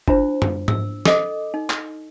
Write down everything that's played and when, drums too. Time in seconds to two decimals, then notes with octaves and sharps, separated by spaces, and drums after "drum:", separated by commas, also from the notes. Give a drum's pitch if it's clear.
0.08 D4 E4 F4 C5, drum: kick G1
0.42 drum: tom F#2
0.68 E6, drum: tom G#2
1.05 A4 D#5 D6, drum: snare
1.54 D#4
1.70 drum: clap